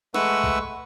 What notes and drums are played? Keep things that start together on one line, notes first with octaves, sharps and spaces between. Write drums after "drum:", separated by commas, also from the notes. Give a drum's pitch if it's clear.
G#3 A3 B4 F#5 C#6 E6, drum: snare
drum: kick B1